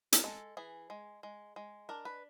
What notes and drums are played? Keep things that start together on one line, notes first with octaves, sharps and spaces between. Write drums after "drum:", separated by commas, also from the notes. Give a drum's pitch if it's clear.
A#4, drum: hi-hat
G#3 A4
E3 G#4
G#3
G#3
G#3
D4 A#4
B4